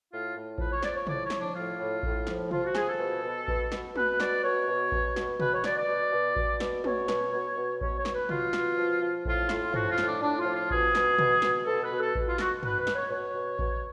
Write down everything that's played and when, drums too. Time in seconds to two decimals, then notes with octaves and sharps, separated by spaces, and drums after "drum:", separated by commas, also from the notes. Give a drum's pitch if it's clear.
0.10 A2 F4
0.34 A2
0.58 F3 B4, drum: kick A1
0.70 C#5
0.83 F3 D5, drum: snare
0.95 C#5
1.07 A2 D5, drum: tom
1.23 C#5
1.30 F3, drum: snare
1.39 D4
1.55 A2 F4
1.79 A2
2.03 A2, drum: kick A1
2.27 F3, drum: snare
2.51 F3 F4, drum: tom
2.64 F#4
2.75 F3 G#4, drum: snare
2.87 A4
2.99 B2
3.23 B2
3.48 B2, drum: kick A1
3.72 B2, drum: snare
3.95 B2 B4, drum: tom
4.20 B2 D5, drum: snare
4.43 B2 C#5
4.68 B2
4.92 B2, drum: kick A1
5.16 B2, drum: snare
5.40 B2 B4, drum: tom
5.52 C#5
5.64 B2 D5, drum: snare
5.76 D5
5.88 B2
6.12 B2
6.36 B2, drum: kick A1
6.60 B2, drum: snare
6.84 B2 C#5, drum: tom
7.08 B2, drum: snare
7.33 B2
7.57 B2
7.81 B2 C#5, drum: kick A1
7.97 C#5
8.05 B2, drum: snare
8.14 B4
8.29 B2 F4, drum: tom
8.53 B2, drum: snare
8.78 F3
9.01 F3
9.25 A2 F4, drum: kick A1
9.49 A2 F4, drum: snare
9.74 F3 F#4, drum: tom
9.89 F4
9.98 A2, drum: snare
10.06 D4
10.22 A2 D4
10.38 F4
10.46 F3
10.54 F4
10.70 B2 G#4, drum: kick A1
10.95 B2, drum: snare
11.18 B2, drum: tom
11.42 B2, drum: snare
11.66 B2 A4
11.83 B4
11.91 B2
11.99 A4
12.15 B2, drum: kick A1
12.27 F4
12.38 B2 F#4, drum: snare
12.63 B2 B4, drum: tom
12.79 B4
12.87 B2, drum: snare
12.95 C#5
13.10 B2 C#5
13.35 B2
13.59 B2, drum: kick A1